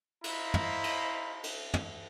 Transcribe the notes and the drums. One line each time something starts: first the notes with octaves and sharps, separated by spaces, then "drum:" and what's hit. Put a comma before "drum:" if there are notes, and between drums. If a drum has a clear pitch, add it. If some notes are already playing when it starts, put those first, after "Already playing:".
E4 C5 D#5 F5 A#5 B5, drum: cymbal
drum: tom
drum: cymbal
drum: cymbal
drum: tom